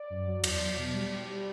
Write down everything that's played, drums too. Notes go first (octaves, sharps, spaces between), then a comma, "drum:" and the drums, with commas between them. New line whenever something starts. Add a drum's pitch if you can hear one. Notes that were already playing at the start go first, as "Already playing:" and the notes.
Already playing: D5
F#2
F#3
E2 D5, drum: cymbal
F#3
B2
G3
G3
G3